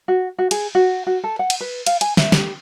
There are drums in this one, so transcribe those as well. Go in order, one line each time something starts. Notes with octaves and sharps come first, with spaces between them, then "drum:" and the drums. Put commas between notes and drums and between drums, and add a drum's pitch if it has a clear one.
F#4
F#4
G#4, drum: cymbal
F#4
F#4
A4
F#5
drum: cymbal
B4
F5, drum: cymbal
G#5, drum: cymbal
E5, drum: snare
G4, drum: snare